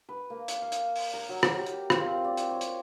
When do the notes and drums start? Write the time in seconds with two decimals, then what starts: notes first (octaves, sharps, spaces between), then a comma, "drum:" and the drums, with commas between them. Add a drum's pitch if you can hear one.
0.09 B4
0.30 A#3
0.48 drum: hi-hat
0.62 F5
0.72 drum: hi-hat
0.96 drum: open hi-hat
1.14 A#4
1.29 F#3
1.43 drum: rim click
1.57 G4
1.66 drum: hi-hat
1.90 F4, drum: rim click
2.05 C4
2.24 D5
2.37 drum: hi-hat
2.51 C#5
2.61 drum: hi-hat